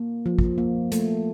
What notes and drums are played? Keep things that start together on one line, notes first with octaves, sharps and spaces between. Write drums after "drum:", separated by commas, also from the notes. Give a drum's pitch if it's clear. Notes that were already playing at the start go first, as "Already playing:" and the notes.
Already playing: A#3
F3
drum: kick
A#3
A3, drum: hi-hat